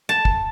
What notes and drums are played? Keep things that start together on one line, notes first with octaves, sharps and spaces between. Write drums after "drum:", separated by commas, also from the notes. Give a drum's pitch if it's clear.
A5
drum: kick